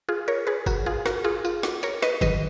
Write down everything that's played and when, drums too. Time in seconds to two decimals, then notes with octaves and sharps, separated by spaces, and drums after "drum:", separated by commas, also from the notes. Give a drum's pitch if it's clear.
0.09 F4 G#4
0.28 A#4 C#5
0.47 G#4 B4
0.66 F#4 A#4, drum: kick G1, tambourine
0.86 F4 G#4
1.06 F#4 A#4, drum: snare
1.24 F4 G#4
1.45 F4, drum: tambourine
1.63 F#4, drum: snare
1.83 A#4 C#5, drum: tambourine
2.02 B4 D#5, drum: snare
2.21 G#2 D#3 F#3 B4 D#5, drum: kick G1, tambourine